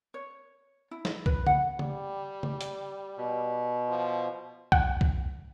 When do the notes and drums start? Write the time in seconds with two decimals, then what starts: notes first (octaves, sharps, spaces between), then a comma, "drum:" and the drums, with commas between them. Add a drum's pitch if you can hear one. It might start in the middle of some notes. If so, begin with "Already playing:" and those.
0.14 C#5
0.91 E4
1.05 drum: snare
1.26 B4, drum: kick C2
1.47 F#5, drum: tom C#3
1.79 G3, drum: tom C#3
2.43 drum: tom C#3
2.61 drum: hi-hat
3.17 B2
3.89 F3
4.72 F#5, drum: kick C2
5.01 drum: kick C2